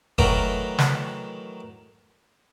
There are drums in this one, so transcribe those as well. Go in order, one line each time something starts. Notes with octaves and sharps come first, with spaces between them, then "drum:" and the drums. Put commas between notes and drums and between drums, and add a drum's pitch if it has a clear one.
D#3 E3 F#3 A3 F#4 A#4, drum: kick F#1
drum: snare